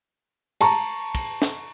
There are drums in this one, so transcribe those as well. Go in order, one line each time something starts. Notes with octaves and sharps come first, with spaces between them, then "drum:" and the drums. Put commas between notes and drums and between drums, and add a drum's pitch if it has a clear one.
A5 A#5 C#6, drum: cymbal
drum: kick, cymbal
drum: snare